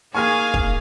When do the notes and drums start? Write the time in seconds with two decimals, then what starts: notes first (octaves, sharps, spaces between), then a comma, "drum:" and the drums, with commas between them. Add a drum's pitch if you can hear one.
0.15 A#3 D#4 G#4 F5 G#5 C#6 F6 G#6
0.54 drum: kick